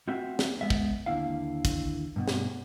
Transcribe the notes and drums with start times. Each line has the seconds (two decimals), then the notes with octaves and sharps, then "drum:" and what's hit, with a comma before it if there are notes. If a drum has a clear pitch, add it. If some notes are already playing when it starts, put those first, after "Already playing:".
0.08 A3 C4 F4 F#4 E5
0.39 drum: snare
0.61 G#3 B3 E5
0.70 drum: kick
1.06 D#2 D3 A#3 E4 F5
1.65 drum: kick, hi-hat
2.16 G2 B2
2.28 drum: snare